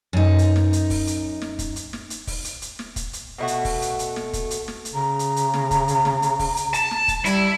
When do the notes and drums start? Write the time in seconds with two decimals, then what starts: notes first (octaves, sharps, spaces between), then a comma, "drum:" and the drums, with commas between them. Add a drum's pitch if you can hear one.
0.13 F#2 D#4
0.39 drum: hi-hat
0.56 drum: snare
0.73 drum: hi-hat
0.90 drum: kick, open hi-hat
1.07 drum: hi-hat
1.42 drum: snare
1.59 drum: kick, hi-hat
1.76 drum: hi-hat
1.93 drum: snare
2.10 drum: hi-hat
2.27 drum: kick, open hi-hat
2.45 drum: hi-hat
2.62 drum: hi-hat
2.79 drum: snare
2.96 drum: kick, hi-hat
3.13 drum: hi-hat
3.38 B2 A3 F#4
3.48 drum: hi-hat
3.65 drum: kick, open hi-hat
3.82 drum: hi-hat
3.99 drum: hi-hat
4.16 drum: snare
4.33 drum: kick, hi-hat
4.51 drum: hi-hat
4.68 drum: snare
4.85 drum: hi-hat
4.94 C#3 A#5
5.19 drum: hi-hat
5.36 drum: hi-hat
5.54 drum: snare
5.71 drum: kick, hi-hat
5.88 drum: hi-hat
6.05 drum: snare
6.22 drum: hi-hat
6.39 drum: kick, open hi-hat
6.57 drum: hi-hat
6.74 A5, drum: hi-hat
6.91 drum: snare
7.08 drum: kick, hi-hat
7.25 G3 E4, drum: hi-hat